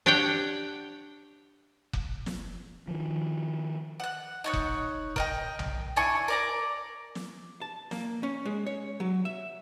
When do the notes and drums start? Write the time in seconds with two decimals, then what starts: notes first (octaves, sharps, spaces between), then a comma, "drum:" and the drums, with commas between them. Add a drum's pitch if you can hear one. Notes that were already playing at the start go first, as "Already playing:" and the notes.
0.06 D4 G4 C#5 F#5 G5
1.93 drum: kick F1
2.26 drum: snare
2.88 D#3 F3
4.00 F#5 F#6
4.44 D#4 C#5 F#6
4.53 drum: kick F1
5.16 A#4 D#5 G5, drum: kick F1
5.59 drum: tom B1
5.96 D4 E4 G#5 C#6
6.28 A#4 D5 A#5
7.15 drum: snare
7.61 A5
7.91 A#3, drum: snare
8.23 C#4
8.45 G#3
8.66 C#5
9.00 F#3
9.25 E5